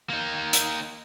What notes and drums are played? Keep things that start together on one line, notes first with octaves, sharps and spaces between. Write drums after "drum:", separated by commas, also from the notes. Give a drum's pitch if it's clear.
A#3 D#4
drum: hi-hat